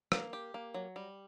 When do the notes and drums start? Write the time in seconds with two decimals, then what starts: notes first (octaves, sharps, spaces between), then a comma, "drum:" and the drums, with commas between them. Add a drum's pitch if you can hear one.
0.12 A#3, drum: rim click
0.33 G4
0.54 A#3
0.74 F#3
0.96 G3